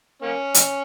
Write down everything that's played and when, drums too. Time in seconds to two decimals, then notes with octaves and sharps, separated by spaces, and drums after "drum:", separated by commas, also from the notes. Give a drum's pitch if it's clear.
0.22 A#3 C#4
0.54 drum: hi-hat